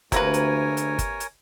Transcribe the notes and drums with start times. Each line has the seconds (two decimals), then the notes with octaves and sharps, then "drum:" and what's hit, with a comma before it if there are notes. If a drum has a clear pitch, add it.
0.12 D2 C3 A#3 A#4 B4 C#5 G#5, drum: kick G1, hi-hat
0.34 drum: hi-hat
0.77 drum: hi-hat
0.99 drum: kick G1, hi-hat
1.20 drum: hi-hat